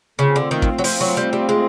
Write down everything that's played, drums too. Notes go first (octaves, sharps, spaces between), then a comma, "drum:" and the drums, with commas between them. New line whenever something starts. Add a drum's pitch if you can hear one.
C#3 A3 C4 F4
D3
D#3
drum: kick
F#3
F3, drum: open hi-hat
F#3
G3
G3
G#3